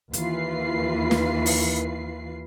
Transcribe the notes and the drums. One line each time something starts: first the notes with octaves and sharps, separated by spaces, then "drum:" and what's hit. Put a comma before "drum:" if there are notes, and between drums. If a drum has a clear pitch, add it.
D#2 E3 F4 B4 C7, drum: hi-hat
drum: snare
drum: open hi-hat